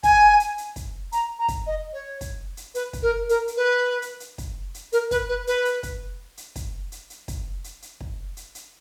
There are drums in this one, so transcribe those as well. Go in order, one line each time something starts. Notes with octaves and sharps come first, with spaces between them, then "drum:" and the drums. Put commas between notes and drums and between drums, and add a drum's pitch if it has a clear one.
G#5, drum: kick, hi-hat
drum: hi-hat
drum: hi-hat
drum: kick, hi-hat
A#5, drum: hi-hat
A#5
drum: kick, hi-hat
D#5
C#5
drum: kick, hi-hat
drum: hi-hat
B4, drum: hi-hat
drum: kick, hi-hat
A#4
A#4, drum: hi-hat
drum: hi-hat
B4
drum: hi-hat
drum: hi-hat
drum: kick, hi-hat
drum: hi-hat
A#4, drum: hi-hat
B4, drum: kick, hi-hat
B4
B4, drum: hi-hat
drum: hi-hat
drum: kick, hi-hat
drum: hi-hat
drum: kick, hi-hat
drum: hi-hat
drum: hi-hat
drum: kick, hi-hat
drum: hi-hat
drum: hi-hat
drum: kick
drum: hi-hat
drum: hi-hat